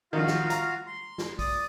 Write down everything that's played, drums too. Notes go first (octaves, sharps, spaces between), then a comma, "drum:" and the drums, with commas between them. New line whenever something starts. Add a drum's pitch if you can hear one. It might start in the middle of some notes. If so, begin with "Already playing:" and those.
A#1 D#3 F4 F#4 F5
drum: snare
A#5, drum: hi-hat
C6
drum: snare
D5 D#6, drum: kick, open hi-hat